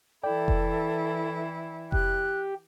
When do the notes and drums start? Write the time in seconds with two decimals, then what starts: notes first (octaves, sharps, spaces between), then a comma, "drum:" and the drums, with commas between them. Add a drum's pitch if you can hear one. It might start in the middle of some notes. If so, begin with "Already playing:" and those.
0.24 E3 E4 A4 D5 G5
0.48 drum: kick F1
1.92 G4 F#6, drum: kick F1